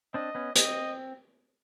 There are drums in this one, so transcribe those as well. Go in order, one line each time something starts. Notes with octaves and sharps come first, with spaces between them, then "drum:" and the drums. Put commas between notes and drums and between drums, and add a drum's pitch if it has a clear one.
C4 D4 D#5
B3 C#4
C4 D#5, drum: hi-hat